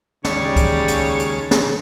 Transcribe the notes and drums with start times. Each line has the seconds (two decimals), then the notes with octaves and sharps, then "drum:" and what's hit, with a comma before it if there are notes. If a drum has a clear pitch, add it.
0.25 D#2 C#3 G3 G#3 C#5 A5, drum: snare
0.56 drum: kick C#2, hi-hat
0.88 drum: hi-hat
1.19 drum: hi-hat
1.51 drum: snare